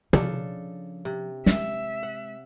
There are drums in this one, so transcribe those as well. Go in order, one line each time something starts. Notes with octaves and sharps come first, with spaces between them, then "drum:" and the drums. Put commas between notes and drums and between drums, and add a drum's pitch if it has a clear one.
C#3 F3 D4 A4, drum: tom
C3
G#3 E5, drum: snare
F#5